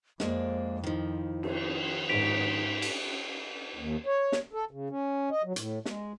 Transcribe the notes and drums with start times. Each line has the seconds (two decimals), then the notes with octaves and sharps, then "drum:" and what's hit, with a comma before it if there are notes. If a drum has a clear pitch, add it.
0.20 F2 G#3 A#3 D4 C5, drum: snare
0.84 D#3 F3 E4
1.43 drum: cymbal
2.09 G#2 D#4 B6 D7 F7, drum: cymbal
2.82 drum: cymbal
3.76 D#2
4.06 C#5
4.32 drum: snare
4.53 A4
4.71 C#3
4.90 C#4
5.31 D#5
5.44 F#3
5.56 A2, drum: hi-hat
5.85 G#3, drum: snare